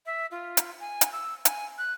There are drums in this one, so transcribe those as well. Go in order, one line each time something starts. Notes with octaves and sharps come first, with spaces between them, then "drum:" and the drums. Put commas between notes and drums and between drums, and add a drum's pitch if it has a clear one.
E5
F4
drum: hi-hat
G#5
drum: hi-hat
E6
G#5, drum: hi-hat
F#6